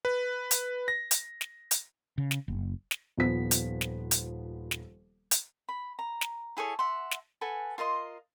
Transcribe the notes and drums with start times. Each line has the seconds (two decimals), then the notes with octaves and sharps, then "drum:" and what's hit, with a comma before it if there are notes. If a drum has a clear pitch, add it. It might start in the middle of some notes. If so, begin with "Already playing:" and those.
0.05 B4
0.51 drum: hi-hat
0.88 A#6
1.11 drum: hi-hat
1.41 drum: snare
1.71 drum: hi-hat
2.18 C#3
2.31 drum: snare
2.48 F#1
2.91 drum: snare
3.17 D#1 F3 B3 B6
3.51 drum: hi-hat
3.81 drum: snare
4.11 drum: hi-hat
4.71 drum: snare
5.31 drum: hi-hat
5.69 B5
5.99 A#5
6.21 drum: snare
6.57 E4 G#4 A4 C#5
6.79 E5 F#5 C6
7.11 drum: snare
7.41 A4 B4 F#5 G#5
7.78 F4 A#4 D#5 C6